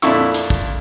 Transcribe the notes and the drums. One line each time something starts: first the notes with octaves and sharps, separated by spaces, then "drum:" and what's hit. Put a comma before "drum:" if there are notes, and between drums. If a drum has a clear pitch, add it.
F2 A#2 D3 E4 C#6 E6, drum: hi-hat
drum: hi-hat
drum: kick